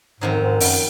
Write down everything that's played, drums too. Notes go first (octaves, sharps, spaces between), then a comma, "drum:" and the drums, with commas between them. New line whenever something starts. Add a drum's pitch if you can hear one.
F2 G#2 D#3 F#3
G#2
F#2, drum: open hi-hat